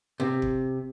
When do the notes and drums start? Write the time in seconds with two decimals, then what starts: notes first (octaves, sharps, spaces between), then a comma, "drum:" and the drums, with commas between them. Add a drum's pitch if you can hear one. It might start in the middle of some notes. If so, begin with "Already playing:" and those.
0.20 C3
0.42 drum: kick F#1